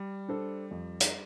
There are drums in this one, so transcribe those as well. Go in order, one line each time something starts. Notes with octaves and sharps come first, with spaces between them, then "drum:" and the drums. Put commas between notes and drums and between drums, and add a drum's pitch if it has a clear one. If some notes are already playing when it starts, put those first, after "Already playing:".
Already playing: G3
D4 A4 C5
F2
drum: hi-hat